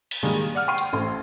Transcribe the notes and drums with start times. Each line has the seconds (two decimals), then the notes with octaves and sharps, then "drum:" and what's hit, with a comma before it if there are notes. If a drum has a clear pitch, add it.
0.11 drum: cymbal
0.23 D#3 G3 G#3 A#3 D#4
0.55 D5 F#5 F6
0.68 G5 C6 C#6 F6 C7 D#7
0.78 drum: hi-hat
0.93 A1 A3 C5 C6